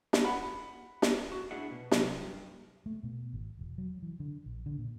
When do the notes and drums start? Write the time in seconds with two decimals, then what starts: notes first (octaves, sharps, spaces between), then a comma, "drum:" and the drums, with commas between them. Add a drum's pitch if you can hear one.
0.13 drum: snare
0.24 F#5 B5
1.02 drum: snare
1.32 F#4
1.51 A2 D4 E4 G#4 F#5
1.71 B2
1.91 C3 F#3 C4, drum: snare
2.21 G2
2.86 A3
3.03 B2
3.33 G#1
3.59 E1
3.78 F#3
4.02 E3
4.20 D3
4.46 A#1
4.66 D3
4.78 A#2